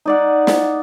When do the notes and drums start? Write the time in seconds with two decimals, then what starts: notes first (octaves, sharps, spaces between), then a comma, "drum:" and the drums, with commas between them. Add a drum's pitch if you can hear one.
0.05 D#4 D5 F#5
0.47 drum: snare